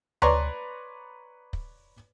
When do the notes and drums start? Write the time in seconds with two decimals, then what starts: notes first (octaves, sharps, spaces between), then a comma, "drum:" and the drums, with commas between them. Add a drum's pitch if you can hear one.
0.22 B4 C#5 D5 A#5 C6 C#6, drum: tom D2
1.53 drum: kick